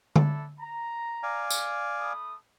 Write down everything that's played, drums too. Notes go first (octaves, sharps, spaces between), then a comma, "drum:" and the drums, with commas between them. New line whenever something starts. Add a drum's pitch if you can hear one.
D4 E4 A4, drum: tom D3
A#5
D5 F5 G#5
drum: tambourine
A3 B5 D#6